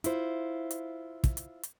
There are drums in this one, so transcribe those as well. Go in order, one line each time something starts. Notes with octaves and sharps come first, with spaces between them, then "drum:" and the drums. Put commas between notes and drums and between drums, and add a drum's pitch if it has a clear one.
E4 F4 C5, drum: hi-hat
drum: hi-hat
drum: kick, hi-hat
drum: hi-hat
drum: hi-hat